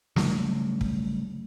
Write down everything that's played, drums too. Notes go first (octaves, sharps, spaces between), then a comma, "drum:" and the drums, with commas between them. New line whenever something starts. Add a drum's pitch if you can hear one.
C#3 F#3 G3 A3, drum: snare
drum: kick